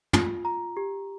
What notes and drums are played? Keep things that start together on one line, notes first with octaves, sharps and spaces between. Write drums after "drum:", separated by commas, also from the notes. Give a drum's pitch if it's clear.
F4, drum: tom
A#5
G4